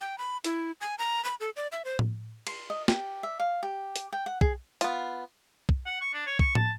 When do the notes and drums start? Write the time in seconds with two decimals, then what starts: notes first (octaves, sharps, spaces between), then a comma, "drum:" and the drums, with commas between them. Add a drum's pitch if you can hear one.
0.01 G5
0.18 B5
0.44 E4, drum: hi-hat
0.81 G#5
0.98 A#5
1.24 B5
1.40 A4
1.56 D5
1.72 E5
1.85 C5
1.99 drum: tom A2
2.47 C6, drum: cymbal
2.70 D#5
2.88 G4, drum: snare
3.23 E5
3.40 F5
3.63 G4
3.96 drum: hi-hat
4.13 G5
4.26 F#5
4.41 G#4, drum: kick
4.81 B3 F4, drum: hi-hat
5.69 drum: kick
5.86 F#5
6.01 C#6
6.13 D4
6.27 C#5
6.39 C#6, drum: kick
6.55 A5, drum: tom A2